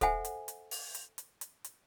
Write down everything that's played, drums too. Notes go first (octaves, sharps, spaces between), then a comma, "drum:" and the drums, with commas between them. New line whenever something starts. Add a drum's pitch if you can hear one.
A4 C5 E5 F#5 G#5, drum: kick, hi-hat
drum: hi-hat
drum: hi-hat
drum: open hi-hat
drum: hi-hat
drum: hi-hat
drum: hi-hat
drum: hi-hat